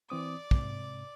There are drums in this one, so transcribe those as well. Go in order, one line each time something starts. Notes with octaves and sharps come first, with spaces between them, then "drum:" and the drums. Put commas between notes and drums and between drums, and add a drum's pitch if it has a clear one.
E3 C4 D5 D6 D#6
G#2 C3, drum: kick